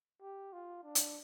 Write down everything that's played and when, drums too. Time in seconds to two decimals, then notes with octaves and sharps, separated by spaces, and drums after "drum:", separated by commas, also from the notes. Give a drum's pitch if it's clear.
0.21 G4
0.53 F4
0.84 D4
0.95 drum: hi-hat